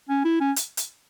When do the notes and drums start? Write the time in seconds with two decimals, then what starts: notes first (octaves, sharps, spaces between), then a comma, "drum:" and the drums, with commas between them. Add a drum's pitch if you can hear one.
0.09 C#4
0.25 E4
0.41 C#4
0.56 drum: hi-hat
0.77 drum: hi-hat